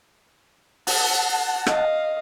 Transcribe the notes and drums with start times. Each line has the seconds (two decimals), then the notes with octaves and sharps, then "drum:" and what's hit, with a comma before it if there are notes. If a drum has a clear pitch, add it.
0.87 F#5 A5, drum: open hi-hat
1.67 D#5 F5, drum: rim click